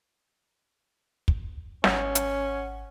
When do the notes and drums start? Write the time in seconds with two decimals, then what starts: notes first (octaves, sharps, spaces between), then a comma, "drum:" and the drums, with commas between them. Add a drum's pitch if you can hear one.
1.28 drum: kick
1.84 G#1 C#4 F#5, drum: snare
2.15 drum: hi-hat